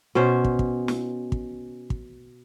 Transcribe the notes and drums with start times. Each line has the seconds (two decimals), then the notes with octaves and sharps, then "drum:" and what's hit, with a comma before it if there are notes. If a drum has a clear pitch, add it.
0.15 B2 C#4 C5
0.44 drum: kick
0.59 drum: kick
0.88 drum: snare
1.32 drum: kick
1.90 drum: kick